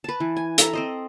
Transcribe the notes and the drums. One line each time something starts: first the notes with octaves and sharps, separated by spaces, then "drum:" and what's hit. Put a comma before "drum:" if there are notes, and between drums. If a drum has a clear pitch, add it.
B4 A5
E3
G#5
A4 E5 A#5, drum: hi-hat
C4 C5 D#5